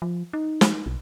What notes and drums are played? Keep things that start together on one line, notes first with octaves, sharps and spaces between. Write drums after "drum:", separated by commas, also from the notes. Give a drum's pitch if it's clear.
F3
D#4
drum: snare
B1